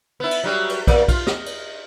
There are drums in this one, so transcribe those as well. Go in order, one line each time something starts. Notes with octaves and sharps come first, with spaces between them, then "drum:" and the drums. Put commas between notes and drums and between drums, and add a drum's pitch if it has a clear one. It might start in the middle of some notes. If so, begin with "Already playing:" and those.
B3 E4
drum: cymbal
F#3 G3
drum: cymbal
E2 A#3 D5, drum: kick, cymbal
F4, drum: kick, cymbal
D#5, drum: snare
drum: cymbal